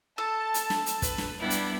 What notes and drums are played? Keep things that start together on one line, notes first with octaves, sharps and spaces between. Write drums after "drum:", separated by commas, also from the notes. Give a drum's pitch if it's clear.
A4 A5
drum: hi-hat
drum: snare
drum: hi-hat
B4, drum: kick, hi-hat
drum: snare
G3 B3 D4 E4
drum: hi-hat